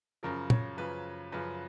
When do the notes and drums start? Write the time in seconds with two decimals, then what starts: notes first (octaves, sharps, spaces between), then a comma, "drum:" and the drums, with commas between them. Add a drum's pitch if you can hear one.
0.23 F#2 C#3 F3 A#4
0.50 C#5, drum: tom
0.77 F#2 C#3 F3 B4
1.32 F#2 C#3 F3 B4